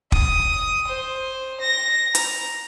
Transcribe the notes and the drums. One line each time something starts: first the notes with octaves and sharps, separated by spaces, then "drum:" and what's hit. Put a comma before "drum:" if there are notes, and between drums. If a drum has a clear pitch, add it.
D#6, drum: kick
C5
A#6
A#5, drum: hi-hat